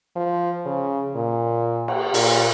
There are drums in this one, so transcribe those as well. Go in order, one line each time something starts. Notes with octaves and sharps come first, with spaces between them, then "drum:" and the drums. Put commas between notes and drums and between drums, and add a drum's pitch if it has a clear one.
F3
C#3
A#2
drum: cymbal
A#2, drum: open hi-hat